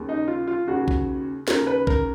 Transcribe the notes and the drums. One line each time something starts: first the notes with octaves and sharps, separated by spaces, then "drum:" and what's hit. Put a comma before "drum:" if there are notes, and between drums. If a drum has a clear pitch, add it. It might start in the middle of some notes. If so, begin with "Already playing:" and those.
Already playing: D#2 C#3
D#4
F4
F4
D#2 C#3 F#4
drum: kick A#1
D#2 C#3 A#4, drum: snare
B4
A#4, drum: kick A#1